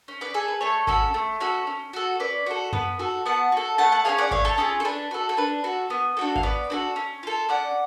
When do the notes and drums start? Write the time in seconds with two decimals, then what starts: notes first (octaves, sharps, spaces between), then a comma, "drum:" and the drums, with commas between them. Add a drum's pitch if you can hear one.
0.08 C#4
0.21 B4 D5
0.34 G#4 A4
0.48 B4
0.61 A3 A4 C#5
0.87 C#4 F#4 A4, drum: kick G#1
1.14 A3
1.40 C#4 F#4 A4
1.67 C#4
1.93 F#4 A4
2.20 C#4 B4 D5
2.46 F#4 A4
2.73 B3 B4, drum: tom F#2
2.99 F#4 A4
3.26 B3 F#5 A5
3.52 F#4 A4
3.78 A3 F#5 A5
3.92 F#5 A5
4.05 C#4 F4 G#4 C#5 F5
4.18 D5 F#5
4.31 A3 C#5 F5, drum: kick G#1
4.45 A4 C#5
4.58 C#4 F4 G#4 A4
4.80 A4
4.85 D4 B4
5.11 F#4 A4
5.29 A4
5.37 D4 B4
5.64 F#4 A4
5.90 B3
6.17 D4 F#4 A4
6.36 F5, drum: kick G#1
6.43 B3 B4 D5
6.70 D4 F#4 A4
6.96 C#4
7.23 F4 A4
7.49 C#4 D5 F#5